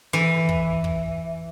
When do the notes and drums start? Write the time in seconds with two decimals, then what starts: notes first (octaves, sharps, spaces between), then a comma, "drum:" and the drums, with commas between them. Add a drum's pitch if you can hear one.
0.13 E3
0.49 drum: kick
0.84 drum: kick